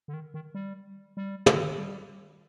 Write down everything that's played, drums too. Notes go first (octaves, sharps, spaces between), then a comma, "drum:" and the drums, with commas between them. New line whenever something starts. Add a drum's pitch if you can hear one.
D3
D#3
D#3
G3
G3
drum: tom
G3